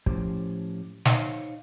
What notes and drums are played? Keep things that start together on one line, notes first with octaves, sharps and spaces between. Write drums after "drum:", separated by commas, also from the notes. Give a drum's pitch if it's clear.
A2 F3 C#4 G4 C5, drum: kick
D#4 C5 C#5 D#5 F5, drum: snare